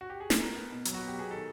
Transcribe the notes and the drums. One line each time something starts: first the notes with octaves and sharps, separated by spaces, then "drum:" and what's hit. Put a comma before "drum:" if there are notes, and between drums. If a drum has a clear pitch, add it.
F#4
G4
G#4
A4, drum: snare
B3 A#4
B3
B2
F#3, drum: hi-hat
F#4
B3
G4
B3 G#4
D#3 A4